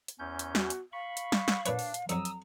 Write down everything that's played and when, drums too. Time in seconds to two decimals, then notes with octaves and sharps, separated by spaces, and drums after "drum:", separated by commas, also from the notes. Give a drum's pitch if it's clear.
0.08 drum: hi-hat
0.19 E2 C#4 G6
0.39 drum: hi-hat
0.55 F#4, drum: snare
0.70 drum: hi-hat
0.93 F5 B5 C#6
1.17 drum: hi-hat
1.32 drum: snare
1.48 drum: snare
1.66 A#2 D4 B4 C#5, drum: hi-hat
1.79 drum: open hi-hat
1.94 drum: hi-hat
2.09 F2 F#3 A#5 D#6 E6, drum: hi-hat
2.25 drum: hi-hat